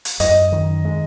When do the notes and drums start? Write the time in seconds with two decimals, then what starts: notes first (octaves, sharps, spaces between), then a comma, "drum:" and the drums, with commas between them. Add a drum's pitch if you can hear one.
0.05 drum: hi-hat
0.20 F#2 D#5, drum: hi-hat
0.52 D#3
0.85 G#3